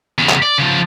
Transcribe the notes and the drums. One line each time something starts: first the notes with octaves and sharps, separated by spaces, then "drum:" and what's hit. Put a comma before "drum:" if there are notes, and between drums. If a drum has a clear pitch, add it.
E2 C#3
drum: clap
D5
C#3 F3